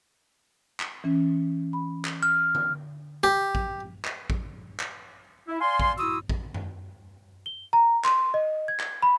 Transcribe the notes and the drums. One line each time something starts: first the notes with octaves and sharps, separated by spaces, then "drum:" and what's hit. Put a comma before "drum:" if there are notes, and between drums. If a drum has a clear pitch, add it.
drum: clap
E3 C#4
B5
drum: clap
F6
drum: tom D3
G4
drum: kick A1
drum: clap
drum: kick A1
drum: clap
E4
D5 F5 G#5 C6
drum: kick A1
E4 F#4 C6 D#6 E6
drum: kick A1
drum: tom F#2
G7
A#5
C6, drum: clap
D#5
G#6
drum: clap
B5